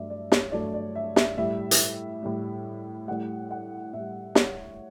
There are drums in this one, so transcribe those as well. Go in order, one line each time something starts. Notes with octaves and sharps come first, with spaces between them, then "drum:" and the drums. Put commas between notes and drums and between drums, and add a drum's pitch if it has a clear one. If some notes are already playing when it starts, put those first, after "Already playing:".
Already playing: G2 F#3 A3 D5 E5
D5
C#5, drum: snare
G2 F#3 A3 D5
D5
E5
E5, drum: snare
A2 G3 E5
drum: hi-hat
A2 G3
A2 G3 F#5
F#5
A2 G3 E5
C#5, drum: snare